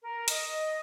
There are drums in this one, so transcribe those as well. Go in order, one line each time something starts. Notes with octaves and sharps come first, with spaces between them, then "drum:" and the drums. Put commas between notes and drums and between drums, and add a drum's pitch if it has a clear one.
A#4
D#5, drum: hi-hat